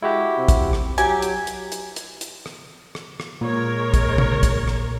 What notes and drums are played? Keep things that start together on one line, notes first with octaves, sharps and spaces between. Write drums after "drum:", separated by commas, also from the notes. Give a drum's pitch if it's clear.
G#3 E4 F#4 G4
C3
drum: kick, hi-hat
drum: rim click
F#3 G4 G#5, drum: hi-hat
drum: hi-hat
drum: hi-hat
drum: hi-hat
drum: hi-hat
drum: hi-hat
drum: rim click
drum: rim click
drum: rim click
A#2 G#3 A#4 C#5
drum: kick, hi-hat
drum: tom
drum: kick, hi-hat
drum: rim click